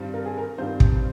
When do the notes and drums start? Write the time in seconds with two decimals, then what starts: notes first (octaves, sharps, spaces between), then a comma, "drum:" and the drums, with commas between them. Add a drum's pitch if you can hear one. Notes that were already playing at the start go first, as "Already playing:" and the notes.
Already playing: G2 D#3 G3 C4 F4
0.14 A#4
0.25 G#4
0.38 A#4
0.58 G2 D#3 G3 C4 F4 C5
0.80 drum: kick